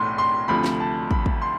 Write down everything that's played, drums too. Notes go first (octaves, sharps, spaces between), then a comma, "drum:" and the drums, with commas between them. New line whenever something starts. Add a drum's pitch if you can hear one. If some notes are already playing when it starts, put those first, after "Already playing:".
Already playing: B1 A2 E3 A3 C6
C6
D2 C3 F3 A3 B5
drum: snare
A5
B5, drum: kick
drum: kick
C6